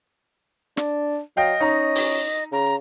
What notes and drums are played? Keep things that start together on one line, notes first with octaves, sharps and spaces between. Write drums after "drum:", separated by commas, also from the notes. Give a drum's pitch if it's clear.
D4, drum: snare
F#3 D#5 F5 G5
C#4 D#4 A#5
drum: open hi-hat
C#3 A#5